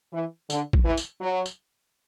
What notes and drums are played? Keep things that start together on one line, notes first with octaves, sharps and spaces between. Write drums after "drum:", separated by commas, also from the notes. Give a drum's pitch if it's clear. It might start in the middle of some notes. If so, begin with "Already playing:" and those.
E3
D3, drum: tambourine
drum: kick
E3
drum: tambourine
F#3
drum: tambourine